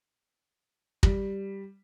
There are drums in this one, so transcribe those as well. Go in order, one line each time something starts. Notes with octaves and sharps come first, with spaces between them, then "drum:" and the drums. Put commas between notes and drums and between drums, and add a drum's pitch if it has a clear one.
G3, drum: kick